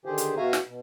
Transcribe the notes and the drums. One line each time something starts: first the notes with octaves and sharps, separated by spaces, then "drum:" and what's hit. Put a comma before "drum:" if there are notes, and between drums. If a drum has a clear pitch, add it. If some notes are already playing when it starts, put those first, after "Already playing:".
D3 D#3 G4 G#4 C5
drum: hi-hat
B2 F#4 E5 F5 G#5 A#5
drum: snare
B2